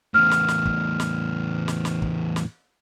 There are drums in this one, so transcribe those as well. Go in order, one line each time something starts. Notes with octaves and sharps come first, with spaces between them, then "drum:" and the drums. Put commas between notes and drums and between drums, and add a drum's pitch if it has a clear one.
E2 A2 F6
drum: snare
drum: snare
drum: kick
drum: snare
drum: snare
drum: snare
drum: kick
drum: snare